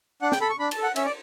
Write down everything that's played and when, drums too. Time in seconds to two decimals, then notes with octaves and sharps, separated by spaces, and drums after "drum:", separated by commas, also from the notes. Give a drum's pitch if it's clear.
0.22 D4 F#5
0.32 G5, drum: snare
0.41 A4 B5
0.50 C#6
0.59 D4 B5
0.71 A5, drum: cymbal
0.77 A4
0.83 F#5
0.96 C#4 E5, drum: cymbal
1.05 D5